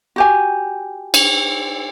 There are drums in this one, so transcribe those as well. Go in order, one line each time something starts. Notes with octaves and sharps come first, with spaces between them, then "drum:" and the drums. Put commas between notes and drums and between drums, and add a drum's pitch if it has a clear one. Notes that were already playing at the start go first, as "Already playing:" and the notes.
F#4 G4 G#5
drum: cymbal